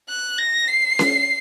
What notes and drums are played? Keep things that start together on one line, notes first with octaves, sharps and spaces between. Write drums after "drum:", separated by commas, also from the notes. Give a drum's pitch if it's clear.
F#6
A#6
C7
drum: snare C#4